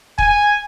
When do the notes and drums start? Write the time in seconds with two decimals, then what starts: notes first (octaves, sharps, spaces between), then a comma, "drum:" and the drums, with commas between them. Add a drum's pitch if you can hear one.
0.18 G#5, drum: kick C#1